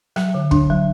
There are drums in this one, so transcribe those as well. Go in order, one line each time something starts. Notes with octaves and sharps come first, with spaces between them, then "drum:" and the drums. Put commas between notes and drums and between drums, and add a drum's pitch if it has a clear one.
F#3, drum: rim click
D3
D4, drum: kick
F#3